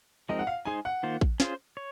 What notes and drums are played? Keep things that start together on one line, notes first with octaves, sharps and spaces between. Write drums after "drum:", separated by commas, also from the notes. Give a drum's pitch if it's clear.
F3 G#3 C4 D#4 A#4 D#5
F#5
F5
G#3 D#4 G#4 C5 G#5
F#5
D#3 A#3 F4 C5
drum: kick A1
C#4 F4 G#4 C5, drum: snare
C#5